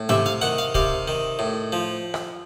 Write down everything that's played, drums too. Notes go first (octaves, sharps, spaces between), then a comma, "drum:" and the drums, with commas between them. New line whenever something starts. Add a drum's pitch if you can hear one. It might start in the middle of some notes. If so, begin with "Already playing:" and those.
Already playing: A2
C3 E5, drum: tom G#2
F5
D#3 F#5
F5
C3 F5, drum: kick
D#3
A2
F3
drum: rim click